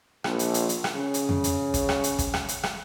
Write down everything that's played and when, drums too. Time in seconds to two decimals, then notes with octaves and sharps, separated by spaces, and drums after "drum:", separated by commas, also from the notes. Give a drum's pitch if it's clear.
0.24 A#1, drum: rim click
0.39 drum: hi-hat
0.54 drum: hi-hat
0.69 drum: hi-hat
0.84 drum: rim click
0.95 C#3
1.14 drum: hi-hat
1.29 drum: tom F2
1.44 drum: hi-hat
1.74 drum: kick, hi-hat
1.89 drum: rim click
2.04 drum: hi-hat
2.19 drum: kick, hi-hat
2.34 drum: rim click
2.48 drum: hi-hat
2.63 drum: rim click